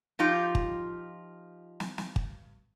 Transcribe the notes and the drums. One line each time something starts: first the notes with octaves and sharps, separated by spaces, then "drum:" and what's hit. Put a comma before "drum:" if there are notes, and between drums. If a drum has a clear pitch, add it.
F3 D#4 F4 G4
drum: kick
drum: snare
drum: snare
drum: kick